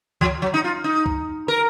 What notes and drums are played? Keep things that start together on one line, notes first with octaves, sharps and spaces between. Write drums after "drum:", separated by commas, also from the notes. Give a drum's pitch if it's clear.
F3, drum: kick
F#3
D#4
F4
D#4
drum: kick
A#4